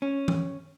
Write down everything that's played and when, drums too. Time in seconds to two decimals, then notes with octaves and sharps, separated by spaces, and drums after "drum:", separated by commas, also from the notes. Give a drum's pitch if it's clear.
0.02 C#4
0.28 drum: tom E3